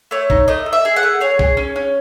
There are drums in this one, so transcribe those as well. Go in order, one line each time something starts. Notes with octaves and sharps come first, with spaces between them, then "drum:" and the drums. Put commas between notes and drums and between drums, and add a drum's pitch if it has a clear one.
A3 C#5
D#4, drum: kick
A3 D#5
A3
E5
G#4
F#5
A3
G#4 C#5
G#4, drum: kick
C#4
C#4